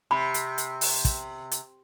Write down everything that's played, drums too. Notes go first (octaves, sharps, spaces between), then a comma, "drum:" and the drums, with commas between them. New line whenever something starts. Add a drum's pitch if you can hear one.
C3 B5
drum: hi-hat
drum: hi-hat
drum: open hi-hat
drum: kick, hi-hat
drum: hi-hat